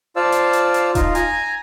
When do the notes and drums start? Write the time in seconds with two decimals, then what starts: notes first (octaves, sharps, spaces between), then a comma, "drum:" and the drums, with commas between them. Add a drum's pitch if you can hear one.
0.16 F4 C5 D5 F5 A5 E6
0.32 drum: hi-hat
0.53 drum: hi-hat
0.74 drum: hi-hat
0.95 D#4 F4, drum: kick D#1, hi-hat
1.15 G#5 A#5, drum: hi-hat